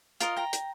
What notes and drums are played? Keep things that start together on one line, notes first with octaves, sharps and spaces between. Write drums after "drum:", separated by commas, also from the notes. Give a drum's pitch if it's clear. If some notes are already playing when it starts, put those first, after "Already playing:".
F4 A#4 D#5, drum: hi-hat
G5 A#5
drum: hi-hat